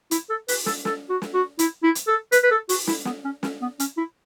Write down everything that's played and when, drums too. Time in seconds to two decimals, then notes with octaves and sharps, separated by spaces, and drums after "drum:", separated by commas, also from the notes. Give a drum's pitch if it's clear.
0.11 E4, drum: hi-hat
0.30 A4
0.48 B4, drum: open hi-hat
0.66 A4, drum: snare
0.85 A4, drum: snare
1.09 F#4
1.22 drum: snare
1.34 F#4
1.59 E4, drum: hi-hat
1.83 E4
1.95 drum: hi-hat
2.07 A4
2.32 B4, drum: hi-hat
2.43 B4
2.51 A4
2.69 F#4, drum: open hi-hat
2.87 E4, drum: snare
3.05 B3, drum: snare
3.24 C#4
3.43 C#4, drum: snare
3.61 B3
3.80 C#4, drum: hi-hat
3.97 E4